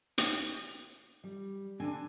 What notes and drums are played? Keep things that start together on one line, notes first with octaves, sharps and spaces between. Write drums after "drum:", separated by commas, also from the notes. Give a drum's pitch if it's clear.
drum: hi-hat
G3
D3 C4 D4 G#5